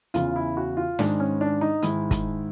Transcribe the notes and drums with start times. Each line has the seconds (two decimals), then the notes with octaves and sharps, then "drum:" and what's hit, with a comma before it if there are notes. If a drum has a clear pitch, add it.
0.14 E2 C#3 E3 F4, drum: hi-hat
0.36 E4
0.57 F#4
0.77 F4
0.99 G#2 D#3 G#3 D4, drum: snare
1.20 C#4
1.41 D4
1.61 D#4
1.82 G#2 D#3 G#3 E4, drum: hi-hat
2.11 drum: kick, hi-hat